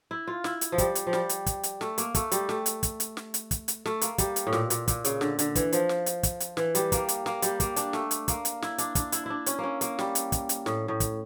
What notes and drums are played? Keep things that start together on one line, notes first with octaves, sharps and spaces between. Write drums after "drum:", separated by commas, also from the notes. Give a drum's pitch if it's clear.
E4
F4
E4, drum: snare
drum: hi-hat
F3
G3, drum: kick, hi-hat
drum: hi-hat
F3
G3, drum: snare
drum: hi-hat
drum: kick, hi-hat
drum: hi-hat
A3, drum: snare
A#3, drum: hi-hat
A3, drum: kick, hi-hat
G3, drum: hi-hat
A3, drum: snare
drum: hi-hat
drum: kick, hi-hat
drum: hi-hat
drum: snare
drum: hi-hat
drum: kick, hi-hat
drum: hi-hat
A3, drum: snare
A#3, drum: hi-hat
G3, drum: kick, hi-hat
drum: hi-hat
A2
A#2, drum: snare
A#2, drum: hi-hat
A#2, drum: kick, hi-hat
C#3, drum: hi-hat
D3, drum: snare
D3, drum: hi-hat
E3, drum: kick, hi-hat
F3, drum: hi-hat
drum: snare
drum: hi-hat
drum: kick, hi-hat
drum: hi-hat
E3, drum: snare
G3, drum: hi-hat
A#3, drum: kick, hi-hat
drum: hi-hat
A#3, drum: snare
G3, drum: hi-hat
A#3, drum: kick, hi-hat
D4, drum: hi-hat
A3, drum: snare
drum: hi-hat
A#3, drum: kick, hi-hat
drum: hi-hat
E4, drum: snare
D4, drum: hi-hat
D4, drum: kick, hi-hat
E4, drum: hi-hat
D4 E4
C#4, drum: hi-hat
A#3 C#4
A#3, drum: hi-hat
G3, drum: snare
drum: hi-hat
drum: kick, hi-hat
drum: hi-hat
A2, drum: snare
A2
drum: kick, hi-hat